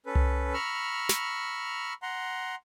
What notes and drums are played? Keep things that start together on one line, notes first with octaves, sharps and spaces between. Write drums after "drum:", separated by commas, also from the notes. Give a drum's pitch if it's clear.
C#4 A4 B4
drum: tom C2
A#5 B5 C#6 E6 F6
drum: snare
F#5 A#5 C6